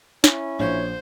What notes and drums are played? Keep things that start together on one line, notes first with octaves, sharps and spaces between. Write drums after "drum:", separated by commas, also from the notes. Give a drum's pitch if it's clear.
C#4 E4, drum: snare
A#1 C5 C#5